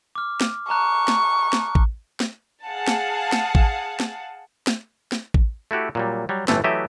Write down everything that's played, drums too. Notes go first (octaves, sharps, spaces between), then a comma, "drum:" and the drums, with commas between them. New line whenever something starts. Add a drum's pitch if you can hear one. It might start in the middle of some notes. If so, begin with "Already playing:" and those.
D6 F6
drum: snare
A5 A#5 C#6 F#6
drum: snare
drum: snare
drum: kick A1
drum: snare
G#4 F5 F#5 A5
drum: snare
drum: snare
drum: kick A1
drum: snare
drum: snare
drum: snare
drum: kick A1
A3 E4 F#4 G4
A#2 F#3 G3
F#3 G3
G1 A2 E3 A3 C4, drum: snare
E3 F#3 A3 G4 D#5 E5